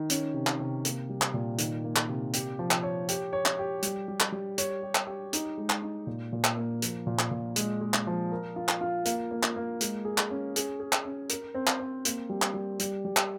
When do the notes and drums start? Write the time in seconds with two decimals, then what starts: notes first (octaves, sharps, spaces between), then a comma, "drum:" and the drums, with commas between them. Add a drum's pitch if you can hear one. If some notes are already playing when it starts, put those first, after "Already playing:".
Already playing: D#3
0.10 C#4, drum: hi-hat
0.34 C3
0.47 drum: clap
0.60 C3
0.85 A#3, drum: hi-hat
1.09 G3
1.22 drum: clap
1.34 A#2
1.58 D#3, drum: hi-hat
1.84 A#3
1.96 drum: clap
2.09 C3
2.33 G4, drum: hi-hat
2.59 F3
2.71 drum: clap
2.83 C#5
3.08 G4, drum: hi-hat
3.33 C#5
3.46 drum: clap
3.59 G4
3.82 G3, drum: hi-hat
4.08 G3
4.20 drum: clap
4.32 G3
4.58 C#5, drum: hi-hat
4.83 G4
4.95 drum: clap
5.07 G4
5.33 D#4, drum: hi-hat
5.58 G#3
5.70 drum: clap
5.82 D#4
6.07 A#2
6.33 A#2
6.44 drum: clap
6.57 A#3
6.82 F3, drum: hi-hat
7.07 A#2
7.19 drum: clap
7.31 A#2
7.56 G#3, drum: hi-hat
7.81 G#3
7.94 drum: clap
8.07 F3
8.32 A#4
8.56 F4
8.68 drum: clap
8.81 F4
9.05 A#3, drum: hi-hat
9.31 A#3
9.43 drum: clap
9.56 A#3
9.81 G#3, drum: hi-hat
10.05 G#4
10.18 drum: clap
10.31 C#4
10.56 G#4, drum: hi-hat
10.80 G#4
10.93 drum: clap
11.05 C#4
11.29 A#4, drum: hi-hat
11.55 C4
11.67 drum: clap
11.79 C4
12.05 A#3, drum: hi-hat
12.29 G3
12.42 drum: clap
12.54 G3
12.79 G3, drum: hi-hat
13.05 G3
13.17 drum: clap